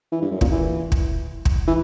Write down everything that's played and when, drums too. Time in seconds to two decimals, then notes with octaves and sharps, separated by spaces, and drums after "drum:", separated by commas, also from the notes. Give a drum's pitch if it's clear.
0.12 E3
0.22 G2
0.31 F#2
0.41 A#2, drum: kick
0.52 E3
0.92 drum: kick
1.45 drum: kick
1.68 E3